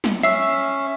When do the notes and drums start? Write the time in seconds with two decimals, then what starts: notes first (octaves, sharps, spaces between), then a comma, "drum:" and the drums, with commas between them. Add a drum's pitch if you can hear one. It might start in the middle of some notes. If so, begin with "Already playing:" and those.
0.04 drum: snare
0.23 C#4 E5 E6 C7